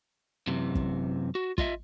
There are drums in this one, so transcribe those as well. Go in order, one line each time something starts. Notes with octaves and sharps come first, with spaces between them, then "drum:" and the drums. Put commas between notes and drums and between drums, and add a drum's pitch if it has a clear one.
F#2 C3 E3
drum: kick
F#4
F4 D#5 E5, drum: kick